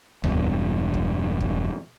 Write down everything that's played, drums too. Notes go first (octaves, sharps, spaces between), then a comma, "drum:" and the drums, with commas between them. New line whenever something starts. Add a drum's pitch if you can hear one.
E1 G2, drum: tom D2
drum: kick
drum: kick